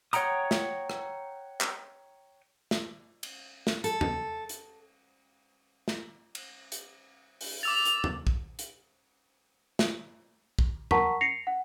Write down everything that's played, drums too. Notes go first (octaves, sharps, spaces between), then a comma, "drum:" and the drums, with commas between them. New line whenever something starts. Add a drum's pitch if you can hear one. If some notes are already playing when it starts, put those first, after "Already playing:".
C#5 F#5 G5 A#5 D#6, drum: hi-hat
drum: snare
drum: rim click
drum: clap
drum: snare
drum: cymbal
drum: snare
A4, drum: hi-hat
drum: tom E2
drum: hi-hat
drum: snare
drum: cymbal
drum: hi-hat
drum: open hi-hat
D6 E6 A6 F7
drum: hi-hat
drum: tom E2
drum: kick A#1
drum: hi-hat
drum: snare
drum: kick A#1
A#4 F#5 A5 A#5 C#6 B6, drum: tom E2
A#6 C7 C#7 F7
F#5